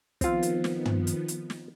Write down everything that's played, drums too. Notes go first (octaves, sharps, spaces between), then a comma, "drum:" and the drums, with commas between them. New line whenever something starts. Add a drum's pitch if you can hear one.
D#3 F3 B3 C4 F4, drum: kick, hi-hat
drum: hi-hat
drum: snare
drum: tom
drum: hi-hat
drum: hi-hat
drum: snare